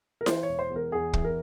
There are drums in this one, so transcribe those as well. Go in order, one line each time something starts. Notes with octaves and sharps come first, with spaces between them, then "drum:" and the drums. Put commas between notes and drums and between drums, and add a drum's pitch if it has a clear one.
A#4
E3 C5, drum: snare E4
C#5
E1
C5
E2
A#4
E2 G#4
E3, drum: kick
A#4